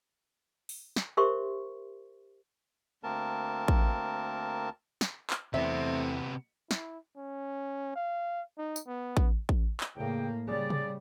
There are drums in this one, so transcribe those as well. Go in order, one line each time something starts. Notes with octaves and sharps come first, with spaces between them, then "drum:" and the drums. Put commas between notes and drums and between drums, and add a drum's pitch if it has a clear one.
drum: open hi-hat
drum: snare
G4 A#4 C5 E5 C6 C#6
D2 A#3 C4 A#4 A5
drum: kick A1
drum: snare
drum: clap
E2 C3 E3 A3 B3 C4 E5
E4, drum: snare
C#4
F5
D#4
drum: tambourine
B3
drum: kick A1
drum: kick A1
drum: clap
E2 A2 C#3 A#3 G5
C#3 G3 G#4 D5
drum: tom C3